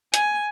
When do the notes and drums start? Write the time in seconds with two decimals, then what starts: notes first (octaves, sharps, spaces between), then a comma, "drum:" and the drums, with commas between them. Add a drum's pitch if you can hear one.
0.14 G#5, drum: hi-hat